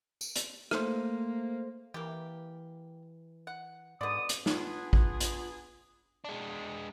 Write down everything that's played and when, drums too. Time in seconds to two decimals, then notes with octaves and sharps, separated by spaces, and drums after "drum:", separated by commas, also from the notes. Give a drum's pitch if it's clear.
0.21 drum: tambourine
0.36 drum: hi-hat
0.71 A3 A#3 C5, drum: rim click
1.94 E3 A#3 G4
3.47 F#5
4.01 G#2 B2 D3 D5 D#6
4.29 drum: hi-hat
4.46 B3 D4 F4 G#4, drum: snare
4.93 drum: kick A1
5.20 drum: hi-hat
6.25 G#3 D4